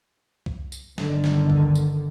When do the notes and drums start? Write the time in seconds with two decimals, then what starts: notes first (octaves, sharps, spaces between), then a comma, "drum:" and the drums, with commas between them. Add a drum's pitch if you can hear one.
0.46 drum: kick C2
0.72 drum: tambourine
0.98 G1 D3 D#3, drum: snare
1.24 drum: snare
1.50 drum: kick C2
1.75 drum: tambourine